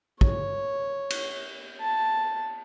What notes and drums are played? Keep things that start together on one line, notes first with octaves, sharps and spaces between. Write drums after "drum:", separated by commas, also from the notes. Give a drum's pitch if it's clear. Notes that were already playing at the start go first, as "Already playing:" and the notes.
C#5, drum: kick
drum: cymbal
A5